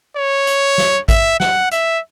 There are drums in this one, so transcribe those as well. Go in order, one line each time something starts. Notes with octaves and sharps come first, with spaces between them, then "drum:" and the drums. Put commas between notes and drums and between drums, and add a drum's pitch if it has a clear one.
C#5
drum: hi-hat
drum: snare
E5, drum: kick G#1, hi-hat
F#5, drum: snare
E5, drum: hi-hat